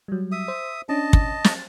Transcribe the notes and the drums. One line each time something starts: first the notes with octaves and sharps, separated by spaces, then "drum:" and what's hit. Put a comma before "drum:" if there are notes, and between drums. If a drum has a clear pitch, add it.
F#3 G3
E5 D#6
C5
C#4 D4 D#5 A5
drum: kick
A6, drum: snare